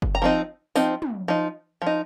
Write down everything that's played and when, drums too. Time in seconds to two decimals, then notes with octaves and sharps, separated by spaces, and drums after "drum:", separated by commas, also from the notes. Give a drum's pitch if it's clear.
0.02 drum: kick F#1
0.15 A#5
0.22 F3 C4 D#4
0.76 F3 C4 D#4, drum: tambourine
1.02 drum: tom
1.28 F3 D#4
1.82 F3 D#4